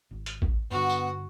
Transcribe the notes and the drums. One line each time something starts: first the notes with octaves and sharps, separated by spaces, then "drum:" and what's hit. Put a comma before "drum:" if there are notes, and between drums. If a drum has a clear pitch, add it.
G#1
drum: hi-hat
drum: kick A1
G2 D3 B3 F#4 F#5
drum: tambourine